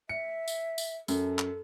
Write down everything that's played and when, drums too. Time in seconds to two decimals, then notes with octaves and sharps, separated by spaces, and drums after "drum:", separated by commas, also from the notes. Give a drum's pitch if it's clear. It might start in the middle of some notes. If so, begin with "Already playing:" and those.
0.09 E5 C#7
0.48 drum: tambourine
0.78 drum: tambourine
1.08 F#2 A4, drum: tambourine
1.39 drum: clap